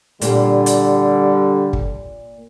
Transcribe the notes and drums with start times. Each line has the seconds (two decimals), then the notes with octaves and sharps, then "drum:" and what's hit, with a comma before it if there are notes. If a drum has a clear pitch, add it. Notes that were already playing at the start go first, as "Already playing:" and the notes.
0.21 A#2 D3 G3, drum: hi-hat
0.66 drum: hi-hat
1.73 drum: kick